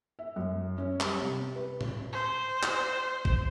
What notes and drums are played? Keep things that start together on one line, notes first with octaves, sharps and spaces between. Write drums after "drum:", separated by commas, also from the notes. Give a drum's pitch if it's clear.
E5
F#2
C#4
G3, drum: clap
C3
B4
drum: tom
C5
drum: clap
drum: kick